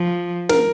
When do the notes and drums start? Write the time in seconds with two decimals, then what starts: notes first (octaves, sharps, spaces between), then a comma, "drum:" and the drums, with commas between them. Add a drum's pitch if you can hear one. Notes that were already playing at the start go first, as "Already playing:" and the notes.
Already playing: F3
0.49 A#4, drum: snare